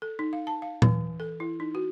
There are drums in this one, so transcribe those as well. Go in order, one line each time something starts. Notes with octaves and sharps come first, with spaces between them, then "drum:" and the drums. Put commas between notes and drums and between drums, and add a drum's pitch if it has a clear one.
A4
D#4
F5
A5
F5
E3, drum: tom A#2
A4
E4
D#4
F#4